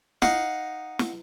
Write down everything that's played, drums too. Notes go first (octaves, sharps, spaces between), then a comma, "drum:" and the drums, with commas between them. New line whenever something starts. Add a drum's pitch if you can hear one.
D#4 F5 F#5, drum: snare
drum: snare